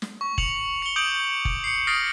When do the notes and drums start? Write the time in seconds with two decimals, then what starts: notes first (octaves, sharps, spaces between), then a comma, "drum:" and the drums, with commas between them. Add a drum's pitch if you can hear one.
0.02 drum: snare
0.21 C#6
0.38 C#7 F7 F#7, drum: kick F#1
0.82 C#7 G7
0.96 D6 D#6 G6 D7 F7 F#7
1.45 drum: kick F#1
1.64 C7 C#7
1.87 D#6 F6 A6 A#6 C7 D7